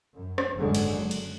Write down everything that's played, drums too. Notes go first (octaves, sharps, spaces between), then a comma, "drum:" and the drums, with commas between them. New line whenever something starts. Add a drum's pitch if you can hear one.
F#2
drum: rim click
F#1 G#2 D3 F#3 G#3
drum: cymbal
F#2
drum: cymbal